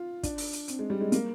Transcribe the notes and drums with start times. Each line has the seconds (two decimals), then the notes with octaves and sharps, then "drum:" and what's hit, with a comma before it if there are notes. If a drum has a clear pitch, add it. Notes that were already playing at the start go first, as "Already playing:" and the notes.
Already playing: F4
0.23 D4, drum: kick, hi-hat
0.38 drum: open hi-hat
0.53 drum: hi-hat
0.68 C4, drum: hi-hat
0.79 G#3
0.90 G3
1.01 G#3
1.12 A#3, drum: hi-hat